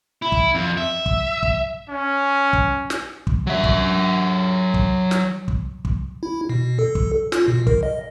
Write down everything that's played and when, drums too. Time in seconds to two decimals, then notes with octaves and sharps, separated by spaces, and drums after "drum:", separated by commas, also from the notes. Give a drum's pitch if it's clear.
0.22 E4
0.32 drum: kick
0.55 F2
0.77 E5
1.06 drum: kick
1.43 drum: kick
1.90 C#4
2.53 drum: kick
2.90 drum: snare
3.27 drum: kick
3.47 F#3 E5
3.64 drum: kick
4.74 drum: kick
5.11 drum: snare
5.48 drum: kick
5.85 drum: kick
6.23 E4
6.49 B2
6.79 A4
6.95 drum: kick
7.32 F4, drum: snare
7.48 B2
7.67 A#4, drum: kick
7.83 D#5